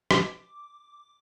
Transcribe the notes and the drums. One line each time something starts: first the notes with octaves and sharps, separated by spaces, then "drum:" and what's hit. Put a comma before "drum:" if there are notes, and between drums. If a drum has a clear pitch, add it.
D6, drum: rim click